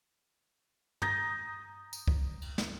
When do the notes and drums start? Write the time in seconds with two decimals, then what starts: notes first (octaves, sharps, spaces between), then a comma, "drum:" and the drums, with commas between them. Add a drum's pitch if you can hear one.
1.02 A#5 D#6 G6 A6 A#6, drum: tom
1.93 drum: tambourine
2.08 drum: kick C2
2.42 drum: cymbal
2.58 drum: snare